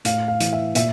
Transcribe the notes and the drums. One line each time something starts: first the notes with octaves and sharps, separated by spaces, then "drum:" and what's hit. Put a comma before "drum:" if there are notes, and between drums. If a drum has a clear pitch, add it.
A2 F5, drum: hi-hat
F5
E3, drum: hi-hat
E5
A#2 E5, drum: hi-hat